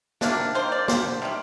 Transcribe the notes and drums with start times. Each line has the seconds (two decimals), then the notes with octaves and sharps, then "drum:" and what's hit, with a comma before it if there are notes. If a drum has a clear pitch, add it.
0.21 C3 D#3 A#3 D4, drum: snare
0.55 D#3 A#3 C5
0.72 D5
0.88 D3 G3 A#3 C5, drum: snare
1.22 C3 D#3 G3